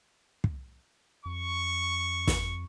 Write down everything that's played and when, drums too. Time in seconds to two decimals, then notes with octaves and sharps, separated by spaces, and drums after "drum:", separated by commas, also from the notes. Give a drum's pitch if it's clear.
0.44 drum: kick
1.25 F2 C#6
2.27 drum: snare